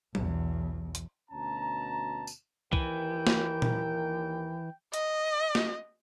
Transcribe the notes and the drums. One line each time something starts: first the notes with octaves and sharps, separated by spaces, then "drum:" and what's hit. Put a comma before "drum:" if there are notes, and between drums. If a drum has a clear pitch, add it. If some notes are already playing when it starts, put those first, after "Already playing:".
B1 E2, drum: tom F#3
drum: hi-hat
D2 B2 C#4 A5 A#5
drum: tambourine
D#2 E3 A#4 G5, drum: kick C2
drum: snare
drum: tom A#2
D#5, drum: hi-hat
drum: snare